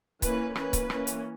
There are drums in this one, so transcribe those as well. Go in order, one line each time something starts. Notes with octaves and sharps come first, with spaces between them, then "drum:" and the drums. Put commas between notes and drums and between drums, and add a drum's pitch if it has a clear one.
E3 A#3 C#4 B4, drum: kick C#1, hi-hat
E3 A#3 C#4 B4, drum: rim click
drum: kick C#1, hi-hat
E3 A#3 C#4, drum: rim click
drum: hi-hat